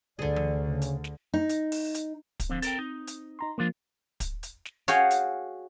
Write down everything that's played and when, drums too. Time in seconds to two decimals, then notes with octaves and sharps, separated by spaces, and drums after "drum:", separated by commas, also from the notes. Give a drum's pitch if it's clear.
0.19 D2 D3 G#4 D5
0.36 drum: tom E3
0.66 C#3
0.82 drum: hi-hat
1.04 drum: snare
1.34 D#4
1.49 drum: hi-hat
1.72 drum: open hi-hat
1.94 drum: hi-hat
2.40 drum: kick, hi-hat
2.50 D3 F3 C4
2.62 A4 A#4 G5, drum: hi-hat
2.79 D#4
3.07 drum: hi-hat
3.39 D#4 A#5 C6
3.58 F3 G#3 A#3 D4 F4
4.20 drum: kick, hi-hat
4.43 drum: hi-hat
4.65 drum: snare
4.88 F#4 G#4 C#5 F5 G5, drum: hi-hat
5.11 drum: hi-hat